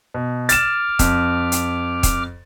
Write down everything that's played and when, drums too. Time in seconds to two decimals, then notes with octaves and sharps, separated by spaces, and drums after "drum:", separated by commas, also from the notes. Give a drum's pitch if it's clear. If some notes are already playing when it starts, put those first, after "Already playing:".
0.14 B2
0.49 D6 F6 A6 E7, drum: hi-hat
0.99 F2, drum: kick D#1, hi-hat
1.52 drum: hi-hat
2.03 drum: kick D#1, hi-hat